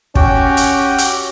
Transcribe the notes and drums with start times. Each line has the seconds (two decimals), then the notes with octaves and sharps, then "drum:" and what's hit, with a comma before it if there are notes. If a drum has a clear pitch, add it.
0.15 C#4 F#4 G4 G5, drum: kick
0.57 drum: hi-hat
0.98 drum: hi-hat